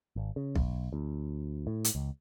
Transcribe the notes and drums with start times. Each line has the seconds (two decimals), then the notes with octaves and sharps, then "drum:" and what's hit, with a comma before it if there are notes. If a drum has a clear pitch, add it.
0.16 G#1
0.36 C#3
0.55 B1, drum: kick B1
0.93 D2
1.67 A2
1.84 drum: hi-hat
1.95 C#2